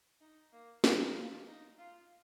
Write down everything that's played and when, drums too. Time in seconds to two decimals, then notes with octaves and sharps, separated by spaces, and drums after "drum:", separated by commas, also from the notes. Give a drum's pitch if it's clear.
0.21 D#4
0.52 A#3
0.84 D#4, drum: snare
1.15 F4
1.47 D#4
1.78 F4